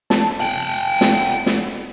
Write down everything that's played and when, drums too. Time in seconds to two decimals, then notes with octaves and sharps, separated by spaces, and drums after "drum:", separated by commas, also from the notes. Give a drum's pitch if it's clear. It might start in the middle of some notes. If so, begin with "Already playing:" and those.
0.10 A5, drum: snare
0.40 F#5 G5
1.01 drum: snare
1.46 drum: snare